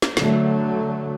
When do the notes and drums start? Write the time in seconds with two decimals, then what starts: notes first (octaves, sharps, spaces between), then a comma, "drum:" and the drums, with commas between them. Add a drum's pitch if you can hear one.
0.02 drum: snare
0.17 D3 F#3 A3, drum: snare